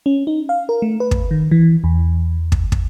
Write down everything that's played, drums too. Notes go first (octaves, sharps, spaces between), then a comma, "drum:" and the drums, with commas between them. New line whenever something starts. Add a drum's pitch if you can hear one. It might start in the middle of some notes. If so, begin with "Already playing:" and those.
C#4
D#4
F5
A#4
A3
B4
drum: kick
D#3
E3
E2
drum: kick
drum: kick